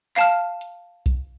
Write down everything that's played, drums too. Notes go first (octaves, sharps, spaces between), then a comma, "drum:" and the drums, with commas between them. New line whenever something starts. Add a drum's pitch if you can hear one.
F5 A5 F6, drum: clap
drum: hi-hat
drum: kick B1, hi-hat